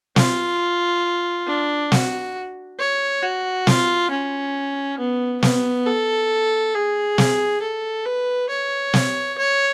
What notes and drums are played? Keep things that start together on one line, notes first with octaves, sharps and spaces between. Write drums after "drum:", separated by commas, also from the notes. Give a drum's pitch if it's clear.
F4, drum: snare
D4
F#4, drum: snare
C#5
F#4
F4, drum: snare
C#4
B3
B3, drum: snare
A4
G#4
drum: snare
A4
B4
C#5
drum: snare
C#5